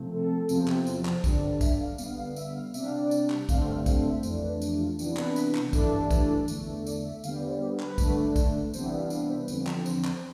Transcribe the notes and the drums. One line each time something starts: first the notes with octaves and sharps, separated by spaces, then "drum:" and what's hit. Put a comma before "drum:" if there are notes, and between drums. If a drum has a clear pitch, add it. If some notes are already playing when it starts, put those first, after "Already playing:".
Already playing: C3 F3 A3 C4
A4
E2 C3 F3 C4, drum: tambourine
drum: clap
drum: tambourine
drum: clap
G2 D3 G3 D4, drum: kick, tambourine
E5, drum: kick, tambourine
F5
D3 G3 B3 F5, drum: tambourine
F5
E5, drum: tambourine
F5
C3 G3 D4 E5, drum: tambourine
F5
D5
drum: tambourine
drum: clap
G2 D3 A3 C4 F5, drum: kick, tambourine
F5
F5, drum: kick, tambourine
E5
F2 E3 A3 D4 C5, drum: tambourine
B4
G4, drum: tambourine
F4
C3 E3 B3 D4 G4, drum: tambourine
B4, drum: clap
drum: tambourine
drum: clap
G2 E3 A3 D4, drum: kick, tambourine
B4, drum: kick, tambourine
E2 D3 A3, drum: tambourine
D5, drum: tambourine
E5
D3 G3 B3 F5, drum: tambourine
D5
C5
G4
B4, drum: clap
D3 A3 D4, drum: kick, tambourine
drum: kick, tambourine
C3 E3 G3 B3 D4 C5, drum: tambourine
E5
F5
F5, drum: tambourine
E5
C5
B4
E2 D3 F3 C4, drum: tambourine
drum: clap
C5, drum: tambourine
C5, drum: clap